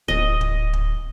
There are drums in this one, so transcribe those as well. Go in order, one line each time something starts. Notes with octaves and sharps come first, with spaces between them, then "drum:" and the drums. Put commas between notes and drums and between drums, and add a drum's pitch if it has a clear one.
D1 D#5, drum: kick
drum: kick
drum: kick